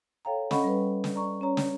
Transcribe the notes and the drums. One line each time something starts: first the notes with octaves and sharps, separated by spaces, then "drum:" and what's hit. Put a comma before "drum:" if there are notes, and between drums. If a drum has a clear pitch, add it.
A4 C#5 F5 G5 A#5
C#4 A4 D#5 F#5 B5 C#6, drum: snare
G3 B4
drum: snare
D5 A#5 C#6
C#4 C#5 A#5
drum: snare